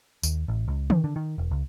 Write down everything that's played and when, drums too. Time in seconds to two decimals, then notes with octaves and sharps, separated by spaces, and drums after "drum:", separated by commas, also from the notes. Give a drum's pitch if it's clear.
0.23 D#2, drum: tambourine
0.48 A1
0.68 C#2
0.90 D#3, drum: tom D#3
1.04 D3
1.16 D#3
1.38 E1
1.51 C#2